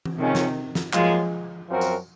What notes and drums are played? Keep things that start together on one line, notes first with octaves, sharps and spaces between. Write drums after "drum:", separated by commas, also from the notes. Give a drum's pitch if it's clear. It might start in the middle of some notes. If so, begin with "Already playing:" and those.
drum: tom E3
C3 D#3 F3 G#3 C#4
drum: snare
drum: snare
F3 F#3 G#3 A#3 F4, drum: clap
F#2 F3 C4 F#4 A#4
drum: tambourine